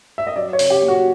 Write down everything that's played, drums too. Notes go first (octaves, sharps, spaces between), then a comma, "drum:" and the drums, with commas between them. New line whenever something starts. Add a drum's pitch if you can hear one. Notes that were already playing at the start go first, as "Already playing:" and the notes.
E5
D#5
F#3 D5
C#5
C#3, drum: open hi-hat
G4
A#3
F#4